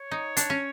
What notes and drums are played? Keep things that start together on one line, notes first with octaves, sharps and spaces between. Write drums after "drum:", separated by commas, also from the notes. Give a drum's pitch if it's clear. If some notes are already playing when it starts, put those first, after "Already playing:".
Already playing: C#5
D#4
D4, drum: hi-hat
C#4